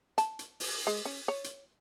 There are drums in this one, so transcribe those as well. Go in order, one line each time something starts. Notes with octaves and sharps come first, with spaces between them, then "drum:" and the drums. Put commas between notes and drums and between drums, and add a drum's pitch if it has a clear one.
A5, drum: hi-hat
drum: hi-hat
drum: open hi-hat
G#3
C#4
C#5
drum: hi-hat